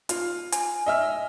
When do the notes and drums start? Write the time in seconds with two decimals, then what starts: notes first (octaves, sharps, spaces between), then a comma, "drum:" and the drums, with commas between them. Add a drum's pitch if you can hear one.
0.09 F4, drum: hi-hat
0.52 G#5, drum: hi-hat
0.86 D#5 E5 F6